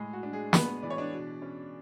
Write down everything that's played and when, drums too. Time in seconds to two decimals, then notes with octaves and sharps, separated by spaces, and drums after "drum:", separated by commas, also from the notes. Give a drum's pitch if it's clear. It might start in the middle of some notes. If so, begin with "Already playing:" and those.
Already playing: A2 G#3 G#4
0.13 F#4
0.23 D4
0.33 G#3 G#4
0.53 B3 B4, drum: snare
0.83 E3 D5
0.90 C#5
0.98 D4 D5
1.13 B2
1.42 C#4